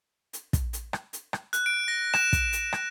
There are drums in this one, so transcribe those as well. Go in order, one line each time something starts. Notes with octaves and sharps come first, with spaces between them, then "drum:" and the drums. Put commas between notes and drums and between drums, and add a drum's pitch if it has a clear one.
drum: hi-hat
drum: kick, hi-hat
drum: hi-hat
drum: rim click
drum: hi-hat
drum: rim click
F#6, drum: hi-hat
D7
A#6
E7, drum: rim click
drum: kick, hi-hat
drum: hi-hat
drum: rim click